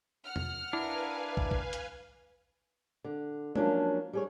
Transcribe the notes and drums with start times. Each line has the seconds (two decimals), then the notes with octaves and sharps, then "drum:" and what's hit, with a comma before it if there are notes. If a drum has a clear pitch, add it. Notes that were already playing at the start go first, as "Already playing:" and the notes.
0.24 F#5 F6
0.36 drum: tom E2
0.73 D4 E4 A#4 B4 F5 G#5
1.37 drum: kick
1.51 drum: kick
1.73 drum: hi-hat
3.04 D3
3.56 F3 F#3 A#3 C#4 D4, drum: tom G#3
4.13 G3 G#4 C#5